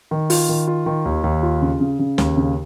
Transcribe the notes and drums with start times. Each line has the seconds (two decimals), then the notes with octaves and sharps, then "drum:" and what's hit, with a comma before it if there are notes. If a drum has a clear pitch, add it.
0.11 D#3
0.30 F4, drum: open hi-hat
0.49 D#3
0.67 F4
0.86 D#3
1.05 D#2
1.24 D#2
1.43 F4
1.62 C#3
1.80 C#3
1.99 C#3
2.18 D#2, drum: snare
2.37 C#3